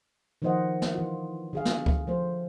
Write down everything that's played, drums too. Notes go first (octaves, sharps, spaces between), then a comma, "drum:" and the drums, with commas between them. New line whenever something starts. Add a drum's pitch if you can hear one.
D#3 F3 D#4 C5 D#5 F#5
drum: snare
E3 F4
D3 G#4 F5
drum: snare
drum: kick C#2
F3 A3 C5